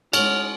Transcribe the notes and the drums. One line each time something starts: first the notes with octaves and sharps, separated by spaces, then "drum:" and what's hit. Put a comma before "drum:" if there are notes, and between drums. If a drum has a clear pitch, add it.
G#3 C#4 F#4 C#5 F6, drum: cymbal